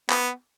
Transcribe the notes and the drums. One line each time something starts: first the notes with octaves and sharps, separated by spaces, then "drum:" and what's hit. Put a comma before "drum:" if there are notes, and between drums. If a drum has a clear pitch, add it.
B3, drum: clap